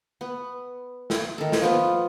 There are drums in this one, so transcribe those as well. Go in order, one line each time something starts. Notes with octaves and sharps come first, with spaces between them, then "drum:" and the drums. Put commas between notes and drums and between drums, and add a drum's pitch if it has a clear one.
B3
drum: snare
D#3 A4
drum: snare
F3 B3 F4